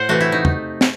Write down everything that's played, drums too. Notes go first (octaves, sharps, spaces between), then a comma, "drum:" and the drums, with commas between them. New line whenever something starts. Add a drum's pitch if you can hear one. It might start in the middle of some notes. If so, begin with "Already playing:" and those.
Already playing: A2 C5 F#5
C3 E3 A3 F#4
E4
D#4
drum: tom E2
drum: snare